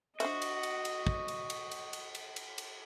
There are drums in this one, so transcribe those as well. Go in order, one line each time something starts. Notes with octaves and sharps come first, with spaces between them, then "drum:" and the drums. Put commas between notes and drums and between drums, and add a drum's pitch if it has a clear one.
D4 F#4 C5 D#5 E5, drum: cymbal
drum: cymbal
drum: cymbal
drum: cymbal
drum: kick
drum: cymbal
drum: cymbal
drum: cymbal
drum: cymbal
drum: cymbal
drum: cymbal
drum: cymbal